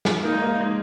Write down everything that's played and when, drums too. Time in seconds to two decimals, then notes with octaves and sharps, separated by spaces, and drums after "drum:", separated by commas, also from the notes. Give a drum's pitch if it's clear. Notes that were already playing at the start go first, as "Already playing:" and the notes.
0.05 drum: snare
0.23 A#3 D#4
0.32 G#3
0.42 A#3
0.61 G#3